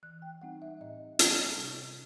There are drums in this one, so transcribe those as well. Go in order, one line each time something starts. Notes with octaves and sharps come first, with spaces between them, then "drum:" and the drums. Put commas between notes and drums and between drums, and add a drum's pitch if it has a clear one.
E3 F#6
G5
G3 C4 D#4 F#5
E5
A2 D#5
G3 D#4, drum: hi-hat
C3